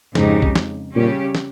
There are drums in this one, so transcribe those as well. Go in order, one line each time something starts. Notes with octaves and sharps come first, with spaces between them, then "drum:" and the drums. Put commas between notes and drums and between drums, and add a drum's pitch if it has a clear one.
F2 G#2 C#3 G#3 D#4 G4, drum: snare
drum: kick
drum: snare
A#2 C#3 G3 C#4 G4
drum: snare